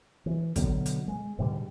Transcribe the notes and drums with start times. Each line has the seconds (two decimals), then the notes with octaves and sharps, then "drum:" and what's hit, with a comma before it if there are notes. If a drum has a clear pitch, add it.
0.26 E3
0.56 B2 D3 F#3 B3, drum: kick, hi-hat
0.86 drum: hi-hat
1.08 G#3
1.39 G#2 B2 D3 G3